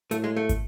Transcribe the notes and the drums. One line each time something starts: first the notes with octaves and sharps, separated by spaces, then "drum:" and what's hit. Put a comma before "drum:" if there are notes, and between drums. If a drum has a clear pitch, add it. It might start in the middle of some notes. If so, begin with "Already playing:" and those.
A2 A3, drum: hi-hat
G#3
A3
drum: kick, hi-hat